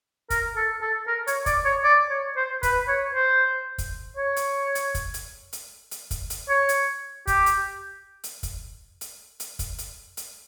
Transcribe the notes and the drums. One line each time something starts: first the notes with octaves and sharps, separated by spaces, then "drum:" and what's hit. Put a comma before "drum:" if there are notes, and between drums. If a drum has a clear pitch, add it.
A#4, drum: kick, hi-hat
A4
A4
A#4
C#5, drum: hi-hat
D5, drum: kick, hi-hat
C#5
D5
C#5
C5
B4, drum: kick, hi-hat
C#5
C5
drum: kick, hi-hat
C#5
drum: hi-hat
drum: hi-hat
drum: kick, hi-hat
drum: hi-hat
drum: hi-hat
drum: hi-hat
drum: kick, hi-hat
drum: hi-hat
C#5
drum: hi-hat
G4, drum: kick, hi-hat
drum: hi-hat
drum: hi-hat
drum: kick, hi-hat
drum: hi-hat
drum: hi-hat
drum: kick, hi-hat
drum: hi-hat
drum: hi-hat